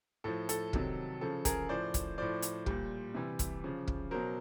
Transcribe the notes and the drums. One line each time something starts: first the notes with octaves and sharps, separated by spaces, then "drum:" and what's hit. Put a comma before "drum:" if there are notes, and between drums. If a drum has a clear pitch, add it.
A2 F3 A4
A4, drum: hi-hat
C3 D#3 F#3, drum: kick
C#3 F3 A4
G#4 A#4, drum: kick, hi-hat
A2 F3 C5 D5
drum: kick, hi-hat
A2 F3 C5 D5
drum: hi-hat
A#2 G3, drum: kick
C3 E3 G3
drum: kick, hi-hat
C#3 F3
drum: kick
B2 F#3 A#4 C5